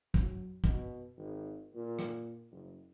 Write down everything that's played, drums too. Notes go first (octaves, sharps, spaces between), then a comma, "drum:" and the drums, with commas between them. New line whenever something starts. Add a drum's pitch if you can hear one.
F#3, drum: kick
B2, drum: kick
G#1
A#2
drum: rim click
F#1